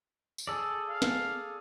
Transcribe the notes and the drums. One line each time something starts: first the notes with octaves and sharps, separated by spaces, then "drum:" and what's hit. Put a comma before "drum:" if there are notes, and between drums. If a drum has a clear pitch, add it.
drum: tambourine
G#4 A4 D5
F5
drum: snare